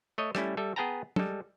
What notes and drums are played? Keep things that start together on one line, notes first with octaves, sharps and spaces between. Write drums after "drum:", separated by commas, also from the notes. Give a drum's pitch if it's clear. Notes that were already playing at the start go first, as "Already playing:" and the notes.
A3 C#5 D#5
G3 A3 C#4 E4, drum: rim click
G3 A4 E5
B3 G#4 B4 G5 A5 A#5
G3 G#3 A4, drum: tom